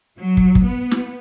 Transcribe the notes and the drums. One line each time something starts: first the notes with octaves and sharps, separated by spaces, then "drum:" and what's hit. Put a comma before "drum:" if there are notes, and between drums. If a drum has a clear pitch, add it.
F#3
drum: kick
drum: kick
B3
drum: snare